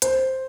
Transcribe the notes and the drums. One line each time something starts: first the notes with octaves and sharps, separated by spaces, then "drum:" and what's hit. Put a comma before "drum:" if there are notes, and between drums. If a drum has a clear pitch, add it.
C5, drum: hi-hat